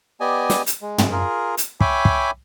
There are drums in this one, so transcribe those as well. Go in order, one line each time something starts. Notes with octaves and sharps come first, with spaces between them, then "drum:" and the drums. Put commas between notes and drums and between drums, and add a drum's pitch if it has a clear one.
B3 G4 D5 D#5 G#5
drum: snare
drum: hi-hat
G#3
drum: tom
F4 G#4 A#4
drum: hi-hat
C#5 E5 G5 G#5 B5 D6, drum: kick
drum: kick